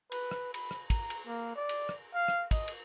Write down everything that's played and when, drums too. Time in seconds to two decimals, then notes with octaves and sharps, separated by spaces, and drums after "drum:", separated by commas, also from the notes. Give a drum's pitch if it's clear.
0.12 B4, drum: cymbal
0.31 drum: rim click
0.54 B5, drum: cymbal
0.71 drum: rim click
0.90 A#5, drum: kick, cymbal
1.10 drum: cymbal
1.27 A#3
1.56 D5
1.69 drum: cymbal
1.89 drum: rim click
2.14 F5
2.28 drum: rim click
2.51 D#5, drum: kick, cymbal
2.68 drum: cymbal